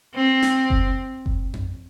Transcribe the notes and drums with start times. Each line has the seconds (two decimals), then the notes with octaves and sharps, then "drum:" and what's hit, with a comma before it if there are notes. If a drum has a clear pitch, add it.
0.15 C4
0.43 drum: snare
0.70 drum: kick F#1
1.26 drum: kick F#1
1.54 drum: tom F2